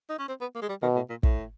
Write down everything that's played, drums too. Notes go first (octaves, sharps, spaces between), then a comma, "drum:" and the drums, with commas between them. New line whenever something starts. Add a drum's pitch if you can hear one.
D#4
C#4
C4
B3
A#3
G#3
G3
B2 D#3
A2
A#2
A2, drum: kick